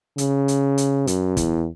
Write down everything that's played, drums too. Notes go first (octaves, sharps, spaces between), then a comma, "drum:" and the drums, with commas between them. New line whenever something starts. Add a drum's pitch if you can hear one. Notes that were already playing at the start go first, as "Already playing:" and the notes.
C#3, drum: hi-hat
drum: hi-hat
drum: hi-hat
F#2, drum: hi-hat
E2, drum: kick, hi-hat